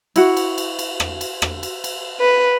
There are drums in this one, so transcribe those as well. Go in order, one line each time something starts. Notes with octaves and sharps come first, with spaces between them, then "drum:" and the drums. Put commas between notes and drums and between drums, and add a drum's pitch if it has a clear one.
E4 F#4, drum: cymbal
drum: cymbal
drum: cymbal
drum: cymbal
drum: rim click
drum: cymbal
drum: rim click
drum: cymbal
drum: cymbal
B4